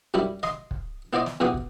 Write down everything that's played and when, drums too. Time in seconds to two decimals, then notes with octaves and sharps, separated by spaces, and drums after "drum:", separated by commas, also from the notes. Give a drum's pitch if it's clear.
0.14 F#2 G3 E4 G4 B5
0.43 D#5 C6, drum: snare
0.71 drum: kick
1.13 B3 E4 C5 D5 D#5
1.26 drum: snare
1.40 E2 B2 F#4 G4 D#6
1.54 drum: kick